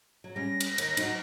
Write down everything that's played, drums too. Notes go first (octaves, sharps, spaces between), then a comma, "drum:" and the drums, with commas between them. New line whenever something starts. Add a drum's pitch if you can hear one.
F#3
G3 C#4 A#6
drum: cymbal
D#2, drum: cymbal
F#3 D#4, drum: cymbal